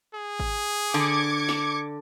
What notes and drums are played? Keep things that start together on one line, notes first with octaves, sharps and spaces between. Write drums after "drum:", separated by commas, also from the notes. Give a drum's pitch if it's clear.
G#4
drum: kick G#1
D3 D6 G#6 C#7
drum: snare